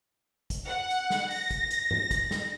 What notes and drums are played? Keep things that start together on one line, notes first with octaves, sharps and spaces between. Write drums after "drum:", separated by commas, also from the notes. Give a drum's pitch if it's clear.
drum: kick, hi-hat
F#5
drum: hi-hat
drum: snare
A#6, drum: open hi-hat
drum: kick, hi-hat
drum: hi-hat
drum: tom G2
drum: kick, hi-hat
drum: snare